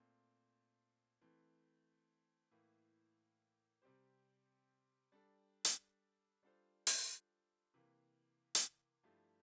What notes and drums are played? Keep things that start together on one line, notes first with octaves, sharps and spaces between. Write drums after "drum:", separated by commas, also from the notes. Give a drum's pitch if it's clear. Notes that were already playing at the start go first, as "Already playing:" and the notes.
Already playing: A#2 A3 C4
E3 A3 C4
A2 E3 A#3 E4
C3 G3 C4 G4 C5
G3 D4 A4
drum: hi-hat
G3 D4 F4 A4 C5
drum: open hi-hat
C3 E3 A#3
drum: hi-hat
G2 F3 A3 E4 G4